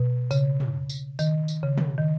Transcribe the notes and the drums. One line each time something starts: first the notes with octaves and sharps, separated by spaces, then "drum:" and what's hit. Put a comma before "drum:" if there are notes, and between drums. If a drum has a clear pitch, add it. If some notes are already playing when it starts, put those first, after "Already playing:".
Already playing: B2
C#3, drum: tambourine
drum: tom
drum: tambourine
D#3, drum: tambourine
drum: tambourine
C#3
drum: tom
D#3